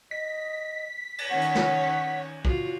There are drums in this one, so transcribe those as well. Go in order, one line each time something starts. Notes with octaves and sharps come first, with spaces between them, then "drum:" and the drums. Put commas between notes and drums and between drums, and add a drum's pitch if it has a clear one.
D#5 B6
drum: cymbal
D#3 C#4 C#5 F#5
drum: hi-hat
drum: snare
F4 F#4, drum: kick